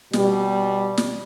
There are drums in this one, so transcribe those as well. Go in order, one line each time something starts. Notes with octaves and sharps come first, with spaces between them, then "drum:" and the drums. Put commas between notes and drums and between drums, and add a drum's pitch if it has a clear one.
B2 G3, drum: snare
drum: snare